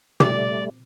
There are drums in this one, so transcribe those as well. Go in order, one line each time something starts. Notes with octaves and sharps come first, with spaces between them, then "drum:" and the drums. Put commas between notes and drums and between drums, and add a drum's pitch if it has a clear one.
G3 A3 D5 D6, drum: tom